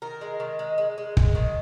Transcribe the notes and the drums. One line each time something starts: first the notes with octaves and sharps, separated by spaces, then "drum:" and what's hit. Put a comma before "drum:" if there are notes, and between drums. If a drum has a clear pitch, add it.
D#3 A#4
G#3
D#3
G#3
G#3
G#3
G#3, drum: kick
D#3